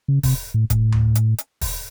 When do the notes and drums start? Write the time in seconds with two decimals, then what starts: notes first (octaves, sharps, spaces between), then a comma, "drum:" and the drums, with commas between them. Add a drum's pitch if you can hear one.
0.08 C#3
0.23 C3, drum: kick, open hi-hat
0.54 A2
0.70 A2, drum: kick, hi-hat
0.92 drum: tom D2
1.15 drum: hi-hat
1.38 drum: hi-hat
1.61 drum: kick, open hi-hat